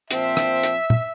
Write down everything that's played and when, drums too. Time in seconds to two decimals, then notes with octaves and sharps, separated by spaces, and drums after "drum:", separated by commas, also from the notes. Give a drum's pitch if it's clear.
0.11 A#2 F3 C4 E5, drum: hi-hat
0.37 drum: rim click
0.63 drum: hi-hat
0.90 drum: tom A#2